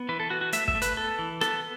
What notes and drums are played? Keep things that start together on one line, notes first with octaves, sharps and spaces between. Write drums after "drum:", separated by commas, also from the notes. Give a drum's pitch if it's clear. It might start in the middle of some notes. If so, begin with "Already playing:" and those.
Already playing: B3
E3 B4
A4
B3 F#4
F#4
A3 E5, drum: hi-hat
E5, drum: kick
A3
B4, drum: hi-hat
B3 A4
E3
B3 A4, drum: rim click